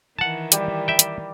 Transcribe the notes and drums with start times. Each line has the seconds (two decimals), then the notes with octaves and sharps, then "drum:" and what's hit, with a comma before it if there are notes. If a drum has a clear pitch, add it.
0.19 D#3 E3 F#5 A5
0.52 G3 G4, drum: hi-hat
0.88 E5 G5
0.99 drum: hi-hat